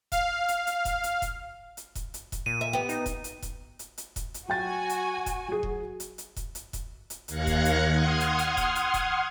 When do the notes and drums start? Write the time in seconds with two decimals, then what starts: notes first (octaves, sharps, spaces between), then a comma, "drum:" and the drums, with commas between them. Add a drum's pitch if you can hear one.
0.12 F5, drum: kick E1, hi-hat
0.48 drum: hi-hat
0.67 drum: hi-hat
0.85 drum: kick E1, hi-hat
1.04 drum: hi-hat
1.22 drum: kick E1, hi-hat
1.77 drum: hi-hat
1.95 drum: kick E1, hi-hat
2.14 drum: hi-hat
2.32 drum: kick E1, hi-hat
2.46 A#2 D#7
2.61 E5
2.73 B3 G4
2.89 D#4, drum: hi-hat
3.06 drum: kick E1, hi-hat
3.24 drum: hi-hat
3.42 drum: kick E1, hi-hat
3.79 drum: hi-hat
3.98 drum: hi-hat
4.16 drum: kick E1, hi-hat
4.34 drum: hi-hat
4.48 F#3 F#4 G5 G#5 A6
4.89 drum: hi-hat
5.26 drum: kick E1, hi-hat
5.48 F#3 G#4
5.63 drum: kick E1
6.00 drum: hi-hat
6.18 drum: hi-hat
6.36 drum: kick E1, hi-hat
6.55 drum: hi-hat
6.73 drum: kick E1, hi-hat
7.10 drum: hi-hat
7.28 D#2 F5 F#6 G#6 A#6 C#7, drum: hi-hat
7.47 drum: kick E1, hi-hat
7.65 drum: hi-hat
7.90 F#5 C6 D#6 F6 G#6
8.20 drum: hi-hat
8.39 drum: hi-hat
8.57 drum: kick E1, hi-hat
8.75 drum: hi-hat
8.94 drum: kick E1, hi-hat